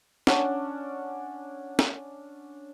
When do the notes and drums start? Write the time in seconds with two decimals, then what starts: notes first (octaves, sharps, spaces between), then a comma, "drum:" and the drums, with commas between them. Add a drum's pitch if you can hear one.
0.27 C#4 D4 F#5, drum: snare
1.79 drum: snare